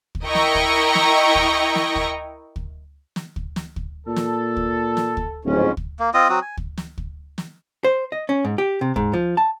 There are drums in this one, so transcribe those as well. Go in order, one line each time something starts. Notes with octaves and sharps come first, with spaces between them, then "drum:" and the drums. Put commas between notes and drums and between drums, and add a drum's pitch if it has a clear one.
drum: kick
E4 A#4 D#5 G5 A#5 C#6
drum: snare
drum: kick
drum: snare
drum: kick
drum: snare
drum: kick
drum: kick
drum: snare
drum: kick
drum: snare
drum: kick
A#2 A4
drum: snare
drum: kick
drum: snare
drum: kick
D1 F2 G#2 C#4
drum: kick
A#3
C4 F4 D#5 D#6
F#3 C4 F#4 D#6
G#5
drum: kick
drum: snare
drum: kick
drum: snare
C5
D#5
C#4
G#2
G4
C3
G#2, drum: kick
F3
A5